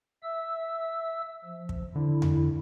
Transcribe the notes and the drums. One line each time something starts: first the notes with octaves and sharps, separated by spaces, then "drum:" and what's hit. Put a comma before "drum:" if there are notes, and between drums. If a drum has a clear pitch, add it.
E5 E6
F3
drum: kick
D3 E4
drum: tom E2